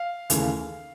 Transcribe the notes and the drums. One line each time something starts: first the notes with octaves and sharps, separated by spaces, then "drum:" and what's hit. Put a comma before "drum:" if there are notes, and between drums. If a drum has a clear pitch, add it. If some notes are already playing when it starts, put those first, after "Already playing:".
Already playing: F5
D#2 C#3 E3 A3, drum: hi-hat